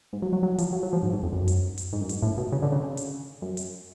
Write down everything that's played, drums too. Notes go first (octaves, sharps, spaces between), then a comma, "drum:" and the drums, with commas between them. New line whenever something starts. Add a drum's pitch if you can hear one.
G#2
F#3
F#3
F#3
F3, drum: hi-hat
F#3
F#3
F3
G#2
G#2
F2
F#2
drum: hi-hat
drum: hi-hat
G#2
F#2
G#2, drum: hi-hat
A2
B2
C#3
D3
C#3
drum: hi-hat
F#2
drum: hi-hat